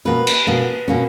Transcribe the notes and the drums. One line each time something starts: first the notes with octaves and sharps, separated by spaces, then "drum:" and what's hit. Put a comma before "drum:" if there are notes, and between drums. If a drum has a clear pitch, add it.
B2 A#3 C#4 B4
drum: cymbal
B2 A#3 C#4
B2 A#3 C#4